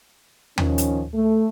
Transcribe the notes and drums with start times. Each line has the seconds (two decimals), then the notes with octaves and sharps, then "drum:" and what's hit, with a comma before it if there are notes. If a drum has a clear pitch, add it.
0.58 D#3 F3 C#4, drum: tom D#2
0.78 drum: hi-hat
1.13 A3